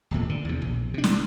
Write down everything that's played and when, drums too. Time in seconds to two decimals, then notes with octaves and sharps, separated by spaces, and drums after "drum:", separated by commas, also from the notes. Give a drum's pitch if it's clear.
0.11 D1 G#1 A#2 A3
0.29 D3
0.45 E2 C3
0.62 A#1
0.94 C3 D4
1.04 drum: snare